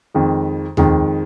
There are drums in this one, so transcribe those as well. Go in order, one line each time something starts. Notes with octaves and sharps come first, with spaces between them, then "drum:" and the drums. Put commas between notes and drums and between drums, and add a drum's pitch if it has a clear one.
F2 D#3 G#3
F2 D#3 G#3, drum: tom D#2